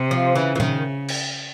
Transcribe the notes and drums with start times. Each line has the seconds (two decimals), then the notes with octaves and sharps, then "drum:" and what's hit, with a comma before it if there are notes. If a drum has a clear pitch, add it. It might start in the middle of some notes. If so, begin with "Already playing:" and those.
Already playing: C3
0.11 F3
0.35 C#3 E3
0.55 E3
0.60 D#3, drum: tom A#2
1.08 drum: cymbal